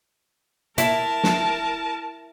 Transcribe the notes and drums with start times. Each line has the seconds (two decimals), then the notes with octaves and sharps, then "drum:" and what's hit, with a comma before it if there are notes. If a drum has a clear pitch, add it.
0.78 E4 A#4 A5, drum: hi-hat
1.23 drum: snare